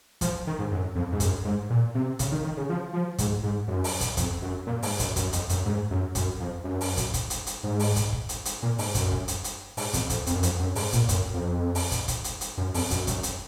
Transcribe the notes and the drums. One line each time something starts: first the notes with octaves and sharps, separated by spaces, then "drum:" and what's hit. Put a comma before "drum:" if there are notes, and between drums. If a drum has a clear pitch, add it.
F3, drum: kick, hi-hat
D#3
G#2
F#2
F2
G#2
F#2, drum: kick, hi-hat
G#2
A#2
C3
C#3, drum: kick, hi-hat
D#3
D#3
C#3
F3
F3
G#2, drum: kick, hi-hat
G#2
F#2
drum: open hi-hat
drum: kick, hi-hat
F2, drum: kick, hi-hat
F#2
A#2
G#2, drum: open hi-hat
F#2, drum: kick, hi-hat
F#2, drum: kick, hi-hat
F2, drum: hi-hat
F#2, drum: hi-hat
G#2
F#2
F#2, drum: kick, hi-hat
F2
F#2
drum: open hi-hat
drum: kick, hi-hat
drum: kick, hi-hat
drum: hi-hat
drum: hi-hat
G#2
drum: open hi-hat
drum: kick, hi-hat
drum: kick
drum: hi-hat
drum: hi-hat
A#2
G#2, drum: open hi-hat
F#2, drum: kick, hi-hat
drum: kick
drum: hi-hat
drum: hi-hat
G#2, drum: open hi-hat
F2, drum: kick, hi-hat
F2, drum: kick, hi-hat
F2, drum: hi-hat
F#2
F2, drum: hi-hat
F#2
G#2, drum: open hi-hat
A#2, drum: kick, hi-hat
F#2, drum: kick, hi-hat
F2
drum: open hi-hat
drum: kick, hi-hat
drum: kick, hi-hat
drum: hi-hat
drum: hi-hat
F#2
F2, drum: open hi-hat
F#2, drum: kick, hi-hat
F#2, drum: kick, hi-hat
drum: hi-hat